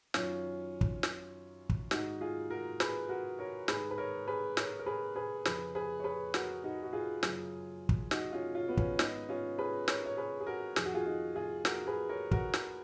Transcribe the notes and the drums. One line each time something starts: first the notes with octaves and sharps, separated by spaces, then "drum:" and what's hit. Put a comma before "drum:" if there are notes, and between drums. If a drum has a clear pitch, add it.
F#2 D#3 C#4 F4, drum: snare
drum: kick
drum: snare
drum: kick
G#2 D#3 D#4 F#4, drum: snare
F4 G#4
F#4 A#4
G#4 B4, drum: snare
F#4 A#4
A#4 C#5
G#2 D#3 G#4 B4, drum: snare
B4
A#4 C#5
G#4 B4
A#4 C#5, drum: snare
A#4
G#4 B4
G#4 B4
F2 C#3 G#4 B4, drum: snare
G#4 B4
C#5
G#4 B4
F#4 A#4, drum: snare
D#4 F#4
F#4
F4 G#4
F#2 C#3, drum: snare
drum: kick
D#4 F#4, drum: snare
C#4 F4
C#4 F4
B3
C#4, drum: kick
G#2 D#3 B3 D#4, drum: snare
C#4 F4
G#4 B4
A#4 C#5, drum: snare
C#5
G#4 B4
G#4
F#4 A#4
F2 D#3 G#4, drum: snare
F#4
F4 G#4
D#4 F#4
F4 G#4
F#4 A#4, drum: snare
G#4 B4
A#4 C#5
F#4 A#4, drum: kick
drum: snare